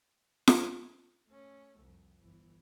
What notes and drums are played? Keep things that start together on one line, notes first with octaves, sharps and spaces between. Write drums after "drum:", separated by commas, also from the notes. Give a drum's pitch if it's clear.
drum: snare F4
A3 C#4
C2 F2
G1 E3